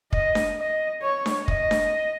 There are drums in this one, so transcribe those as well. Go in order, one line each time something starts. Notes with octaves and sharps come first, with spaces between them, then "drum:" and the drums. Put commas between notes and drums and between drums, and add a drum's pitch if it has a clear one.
D#5, drum: kick
drum: snare D4
D#5
C#5
drum: snare D4
D#5, drum: kick
drum: snare D4